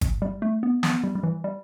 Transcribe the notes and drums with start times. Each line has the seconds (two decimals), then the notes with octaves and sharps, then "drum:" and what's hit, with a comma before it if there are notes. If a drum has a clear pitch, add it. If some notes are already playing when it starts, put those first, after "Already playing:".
0.01 drum: kick, hi-hat
0.22 G3
0.42 A3
0.63 B3
0.83 B3, drum: snare
1.04 G3
1.15 G3
1.23 E3
1.44 G3